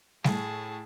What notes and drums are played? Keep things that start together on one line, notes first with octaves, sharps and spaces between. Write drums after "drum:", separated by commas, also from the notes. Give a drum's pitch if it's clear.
A2 G#4 A5, drum: snare